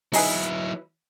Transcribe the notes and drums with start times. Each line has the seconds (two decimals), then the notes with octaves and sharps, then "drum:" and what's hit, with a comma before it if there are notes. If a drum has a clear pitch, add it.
0.13 F#3 D#4 E4 G#4 B4, drum: open hi-hat